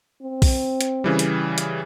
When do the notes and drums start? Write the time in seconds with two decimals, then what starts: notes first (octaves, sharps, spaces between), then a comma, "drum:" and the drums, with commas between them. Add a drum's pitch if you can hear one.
0.23 C4
0.42 drum: kick B1, open hi-hat
0.81 drum: hi-hat
1.04 C#3 E3 G3
1.19 drum: hi-hat
1.58 drum: hi-hat